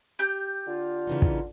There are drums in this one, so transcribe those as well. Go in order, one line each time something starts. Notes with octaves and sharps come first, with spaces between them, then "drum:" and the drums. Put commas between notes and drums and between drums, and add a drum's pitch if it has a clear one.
G4 G6
D3 F4
C#3 E3 D#4
drum: kick